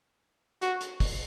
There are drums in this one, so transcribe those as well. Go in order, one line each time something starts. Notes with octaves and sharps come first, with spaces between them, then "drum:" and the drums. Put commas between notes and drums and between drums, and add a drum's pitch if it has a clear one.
F#4, drum: hi-hat
drum: hi-hat
drum: kick, open hi-hat